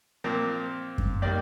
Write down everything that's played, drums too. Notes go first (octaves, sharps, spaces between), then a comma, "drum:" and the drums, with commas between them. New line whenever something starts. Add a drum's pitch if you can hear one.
A#2 F3 C4 A#4
drum: kick F#2
D#3 G3 A#3 D5